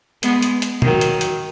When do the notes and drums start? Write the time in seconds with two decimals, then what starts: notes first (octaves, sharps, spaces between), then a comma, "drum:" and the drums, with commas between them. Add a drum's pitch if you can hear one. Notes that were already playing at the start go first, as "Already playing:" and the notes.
0.23 G#3 B3, drum: hi-hat
0.42 drum: hi-hat
0.62 drum: hi-hat
0.82 D#3 F#3, drum: tom
1.01 drum: hi-hat
1.21 drum: hi-hat